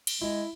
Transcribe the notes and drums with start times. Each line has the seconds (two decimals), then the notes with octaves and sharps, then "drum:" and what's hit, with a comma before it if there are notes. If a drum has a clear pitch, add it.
0.07 drum: cymbal
0.21 G#3 E4